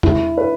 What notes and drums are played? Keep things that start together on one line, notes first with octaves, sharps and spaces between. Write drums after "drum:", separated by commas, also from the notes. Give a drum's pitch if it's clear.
E4, drum: tom E2
B4